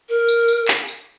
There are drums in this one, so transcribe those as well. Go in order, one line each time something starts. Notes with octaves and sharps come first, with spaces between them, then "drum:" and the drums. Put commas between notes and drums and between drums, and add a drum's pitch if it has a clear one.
A#4
drum: tambourine
drum: tambourine
drum: clap
drum: tambourine